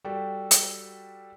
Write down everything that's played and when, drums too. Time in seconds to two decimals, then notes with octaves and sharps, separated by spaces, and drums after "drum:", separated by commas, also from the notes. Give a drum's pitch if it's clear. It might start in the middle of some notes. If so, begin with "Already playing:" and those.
0.04 G3 F#4 G4 A4 D5
0.51 drum: hi-hat